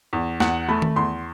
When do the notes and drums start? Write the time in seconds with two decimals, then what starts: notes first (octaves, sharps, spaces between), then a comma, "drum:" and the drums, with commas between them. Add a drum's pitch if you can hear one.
0.13 E2
0.40 E2 F#5, drum: snare
0.68 A3 B5
0.82 drum: tom D#3
0.96 E2 C6